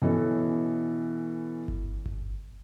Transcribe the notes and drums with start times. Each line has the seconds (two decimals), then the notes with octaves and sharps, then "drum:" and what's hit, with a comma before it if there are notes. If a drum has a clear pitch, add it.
0.02 B2 E3 C#4 A4
1.68 drum: kick G1
2.06 drum: kick G1